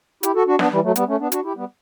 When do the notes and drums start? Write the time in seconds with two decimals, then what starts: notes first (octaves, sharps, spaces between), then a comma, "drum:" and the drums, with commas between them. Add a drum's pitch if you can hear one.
0.23 E4 G4, drum: hi-hat
0.35 F#4 A4
0.47 D4 F#4
0.59 B3 D4, drum: snare
0.72 E3 G3
0.84 F#3 A3
0.96 G3 B3, drum: hi-hat
1.08 A3 C#4
1.20 B3 D4
1.32 D4 F#4, drum: hi-hat
1.44 E4 G4
1.56 G3 B3